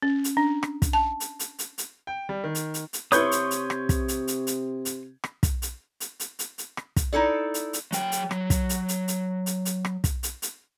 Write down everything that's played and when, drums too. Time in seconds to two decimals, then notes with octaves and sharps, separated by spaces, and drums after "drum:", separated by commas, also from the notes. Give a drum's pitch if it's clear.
0.02 C#4
0.24 drum: hi-hat
0.37 D4
0.63 drum: rim click
0.82 drum: kick, hi-hat
0.93 A5
1.20 drum: hi-hat
1.39 drum: hi-hat
1.59 drum: hi-hat
1.78 drum: hi-hat
2.07 G5
2.29 G3
2.44 D#3
2.55 drum: hi-hat
2.74 drum: hi-hat
2.93 drum: hi-hat
3.12 C3 E4 B4 C#5 C6 C#6 D#6 G6, drum: hi-hat
3.32 drum: hi-hat
3.51 drum: hi-hat
3.70 drum: rim click
3.89 drum: kick, hi-hat
4.08 drum: hi-hat
4.28 drum: hi-hat
4.47 drum: hi-hat
4.85 drum: hi-hat
5.24 drum: rim click
5.43 drum: kick, hi-hat
5.62 drum: hi-hat
6.00 drum: hi-hat
6.20 drum: hi-hat
6.39 drum: hi-hat
6.58 drum: hi-hat
6.77 drum: rim click
6.96 drum: kick, hi-hat
7.13 D#4 E4 A4 D5
7.54 drum: hi-hat
7.73 drum: hi-hat
7.92 F#3 G5, drum: hi-hat
8.12 drum: hi-hat
8.31 F#3, drum: rim click
8.50 drum: kick, hi-hat
8.69 drum: hi-hat
8.89 drum: hi-hat
9.08 drum: hi-hat
9.46 drum: hi-hat
9.65 drum: hi-hat
9.85 drum: rim click
10.04 drum: kick, hi-hat
10.23 drum: hi-hat
10.42 drum: hi-hat